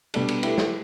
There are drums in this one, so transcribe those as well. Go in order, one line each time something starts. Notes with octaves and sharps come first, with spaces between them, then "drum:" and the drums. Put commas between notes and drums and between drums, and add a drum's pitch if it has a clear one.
B2 G3 D4 A4, drum: cymbal
drum: cymbal
A3 E4 G4 B4, drum: cymbal
drum: snare